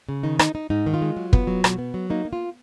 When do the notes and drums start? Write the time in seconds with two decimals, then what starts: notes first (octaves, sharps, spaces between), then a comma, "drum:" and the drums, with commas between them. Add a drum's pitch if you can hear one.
0.09 C#3
0.23 D#3 D#4
0.39 D#4, drum: rim click
0.55 D#4
0.70 G#2 D#4
0.86 D#3
0.94 F4
1.02 G#3
1.17 F#3
1.33 B3, drum: kick
1.47 F#3
1.64 B2, drum: rim click
1.79 B3
1.94 F#3
2.10 A#3 D#4
2.25 A#3
2.33 F4